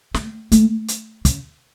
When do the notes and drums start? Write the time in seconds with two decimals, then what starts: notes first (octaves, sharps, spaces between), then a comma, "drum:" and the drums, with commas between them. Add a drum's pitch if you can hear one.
0.14 A3, drum: snare
0.52 A3, drum: hi-hat
0.88 drum: hi-hat
1.25 C#3, drum: kick, hi-hat